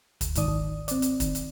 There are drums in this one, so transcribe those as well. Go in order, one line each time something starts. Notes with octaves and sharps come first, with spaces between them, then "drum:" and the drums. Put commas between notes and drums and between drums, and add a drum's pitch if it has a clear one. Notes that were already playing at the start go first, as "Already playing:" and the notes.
D2, drum: kick, hi-hat
G1 C2 G#2 D#3 D5 D#6, drum: hi-hat
D#3
C4 D5, drum: hi-hat
drum: hi-hat
D#3, drum: kick, hi-hat
drum: hi-hat